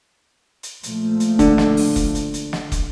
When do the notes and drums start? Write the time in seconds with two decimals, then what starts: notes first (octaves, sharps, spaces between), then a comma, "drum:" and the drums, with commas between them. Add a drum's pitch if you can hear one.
0.63 drum: hi-hat
0.83 A#2 F3 A3, drum: hi-hat
1.20 drum: hi-hat
1.39 D3 D4, drum: kick, hi-hat
1.58 drum: snare
1.77 drum: open hi-hat
1.96 drum: kick, hi-hat
2.15 drum: hi-hat
2.34 drum: hi-hat
2.53 drum: snare
2.72 drum: kick, hi-hat